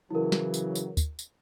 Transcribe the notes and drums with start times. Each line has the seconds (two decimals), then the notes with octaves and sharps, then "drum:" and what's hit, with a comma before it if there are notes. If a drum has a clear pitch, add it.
0.11 C#3 E3 F#3 E4 A#4
0.32 drum: snare
0.54 drum: tambourine
0.75 drum: tambourine
0.97 drum: kick, tambourine
1.19 drum: tambourine